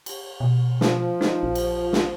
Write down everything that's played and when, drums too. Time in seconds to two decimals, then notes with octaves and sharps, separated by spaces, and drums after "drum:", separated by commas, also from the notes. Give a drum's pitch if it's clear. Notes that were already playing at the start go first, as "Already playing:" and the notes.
0.06 drum: cymbal
0.40 B2
0.81 F3, drum: snare
1.21 D#4, drum: snare
1.43 A#1
1.55 drum: cymbal
1.93 drum: snare